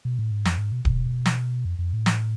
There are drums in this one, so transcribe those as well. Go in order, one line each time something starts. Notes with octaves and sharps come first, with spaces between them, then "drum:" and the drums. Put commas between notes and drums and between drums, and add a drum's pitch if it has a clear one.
B2
A2
G#2
F2, drum: snare
G#2
B2
B2, drum: kick D1
drum: snare
F2
F2
A2
drum: snare